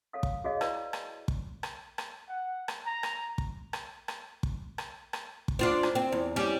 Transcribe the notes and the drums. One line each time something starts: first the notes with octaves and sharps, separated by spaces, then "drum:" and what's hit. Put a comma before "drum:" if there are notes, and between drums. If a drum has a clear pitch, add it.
A4 C#5 F5 D#6
drum: kick
F#4 G#4 A4 C#5 D#5 F5
E4 B4 D5, drum: rim click
drum: rim click
drum: kick
drum: rim click
drum: rim click
F#5
drum: rim click
A#5
drum: rim click
drum: kick
drum: rim click
drum: rim click
drum: kick
drum: rim click
drum: rim click
drum: kick
D4 F4 C5
drum: rim click
C4
E2
G3 C#4